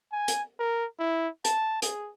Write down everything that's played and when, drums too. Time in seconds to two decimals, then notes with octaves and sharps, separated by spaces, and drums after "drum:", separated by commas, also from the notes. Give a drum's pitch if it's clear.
0.12 G#5
0.28 drum: hi-hat
0.59 A#4
0.99 E4
1.45 A5, drum: hi-hat
1.82 G#4, drum: hi-hat